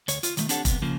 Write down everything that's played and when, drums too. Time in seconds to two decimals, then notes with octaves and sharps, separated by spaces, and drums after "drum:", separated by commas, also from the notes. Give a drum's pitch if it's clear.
0.08 D2 C#5, drum: hi-hat
0.23 F4, drum: hi-hat
0.37 D#3 F#3 A3, drum: hi-hat
0.49 C4 D4 G4 A4 C#5 F#5, drum: hi-hat
0.65 F2 C3 B3, drum: kick F1, hi-hat
0.82 C#3 F3 A#3